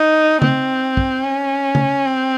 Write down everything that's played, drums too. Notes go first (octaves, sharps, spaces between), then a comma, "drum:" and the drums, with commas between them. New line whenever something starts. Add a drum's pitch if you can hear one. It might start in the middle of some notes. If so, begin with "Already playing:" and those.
Already playing: D#4
C4, drum: tom C#3
drum: kick
C#4
drum: tom C#3
C4